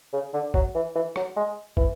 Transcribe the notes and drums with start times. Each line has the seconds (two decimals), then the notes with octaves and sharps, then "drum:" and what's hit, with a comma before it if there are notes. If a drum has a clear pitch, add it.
0.13 C#3
0.34 D3
0.54 F#3, drum: kick
0.75 E3
0.95 E3
1.16 F#3, drum: rim click
1.37 G#3
1.77 E3, drum: kick